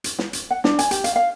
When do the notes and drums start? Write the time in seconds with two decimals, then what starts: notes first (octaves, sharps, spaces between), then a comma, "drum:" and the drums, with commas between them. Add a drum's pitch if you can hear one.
0.04 drum: hi-hat
0.19 drum: snare
0.33 drum: hi-hat
0.51 F#5
0.64 D4, drum: snare
0.79 G#5, drum: hi-hat
0.91 G4, drum: hi-hat
1.04 F5, drum: hi-hat
1.16 F5